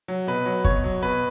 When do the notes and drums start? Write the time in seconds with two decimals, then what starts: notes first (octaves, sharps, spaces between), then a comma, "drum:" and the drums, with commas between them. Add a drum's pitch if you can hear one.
0.08 F#3
0.27 B2 B4
0.46 F#3
0.65 B2 C#5, drum: kick
0.84 F#3
1.02 B2 B4